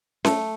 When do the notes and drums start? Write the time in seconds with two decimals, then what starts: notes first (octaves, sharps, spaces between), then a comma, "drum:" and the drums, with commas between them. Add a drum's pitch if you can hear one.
0.25 A3, drum: snare C#4